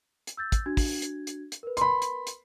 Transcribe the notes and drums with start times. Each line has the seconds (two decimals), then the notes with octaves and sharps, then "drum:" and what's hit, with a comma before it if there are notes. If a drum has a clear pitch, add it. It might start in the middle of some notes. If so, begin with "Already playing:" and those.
0.27 drum: hi-hat
0.37 E6 G6 A6
0.52 drum: kick, hi-hat
0.66 D4 F#4 G#6
0.77 drum: kick, open hi-hat
1.02 drum: hi-hat
1.27 drum: hi-hat
1.52 drum: hi-hat
1.63 A#4 B4
1.77 B5 C6, drum: hi-hat
2.02 drum: hi-hat
2.27 drum: hi-hat